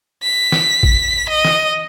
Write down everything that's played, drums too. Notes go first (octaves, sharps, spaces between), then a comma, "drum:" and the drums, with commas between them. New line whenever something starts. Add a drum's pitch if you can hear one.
B6
drum: snare
drum: kick A1
D#5
drum: snare